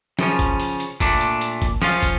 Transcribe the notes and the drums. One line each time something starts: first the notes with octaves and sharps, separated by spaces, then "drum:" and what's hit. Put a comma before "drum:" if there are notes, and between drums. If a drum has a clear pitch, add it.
C#3 F3 C#4, drum: snare
drum: kick, hi-hat
drum: open hi-hat
drum: hi-hat
A#2 A3 D4, drum: kick, open hi-hat
drum: hi-hat
drum: hi-hat
drum: kick, hi-hat
F3 C#4 F4, drum: snare
drum: kick, hi-hat